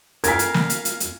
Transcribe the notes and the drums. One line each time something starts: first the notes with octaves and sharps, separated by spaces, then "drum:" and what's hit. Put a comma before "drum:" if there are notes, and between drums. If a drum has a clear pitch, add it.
C#4 F4 A#4 F5 G#5 G#6 B6, drum: hi-hat
drum: hi-hat
drum: snare
drum: hi-hat
drum: hi-hat
drum: hi-hat